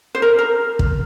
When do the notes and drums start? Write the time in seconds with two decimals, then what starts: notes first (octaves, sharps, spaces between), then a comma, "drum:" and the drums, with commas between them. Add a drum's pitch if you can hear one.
0.15 C5
0.22 A#4
0.39 A#4
0.79 drum: kick